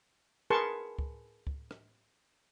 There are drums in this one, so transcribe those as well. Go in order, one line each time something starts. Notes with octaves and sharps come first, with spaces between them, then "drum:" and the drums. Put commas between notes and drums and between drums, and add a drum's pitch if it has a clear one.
G#4 A#4 B4 A5 C6 C#6
drum: kick C#2
drum: kick C#2
drum: rim click